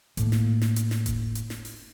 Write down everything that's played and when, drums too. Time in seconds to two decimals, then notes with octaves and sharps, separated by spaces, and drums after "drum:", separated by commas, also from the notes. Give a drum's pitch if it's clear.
0.17 A2 A#3, drum: hi-hat
0.32 drum: snare
0.62 drum: snare
0.76 drum: hi-hat
0.91 drum: snare
1.06 drum: kick F#1, hi-hat
1.35 drum: hi-hat
1.50 drum: snare
1.65 drum: open hi-hat